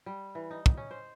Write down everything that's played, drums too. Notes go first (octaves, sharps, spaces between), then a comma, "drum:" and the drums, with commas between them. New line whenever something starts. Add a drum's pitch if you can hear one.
G3
E3
D#4
drum: kick
C#4
C5